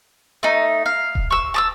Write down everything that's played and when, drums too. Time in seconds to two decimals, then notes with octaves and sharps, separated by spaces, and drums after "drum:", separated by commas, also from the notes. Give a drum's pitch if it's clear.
0.43 A3 D#4
0.86 F5
1.15 drum: kick D#1
1.31 C#6 E6
1.54 A5 D#6 E6